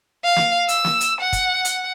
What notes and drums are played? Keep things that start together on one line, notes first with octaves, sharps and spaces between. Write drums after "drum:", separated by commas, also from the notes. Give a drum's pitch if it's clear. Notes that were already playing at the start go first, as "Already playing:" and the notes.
F5
drum: snare
E6, drum: hi-hat
drum: snare
drum: hi-hat
F#5
drum: kick, hi-hat
drum: hi-hat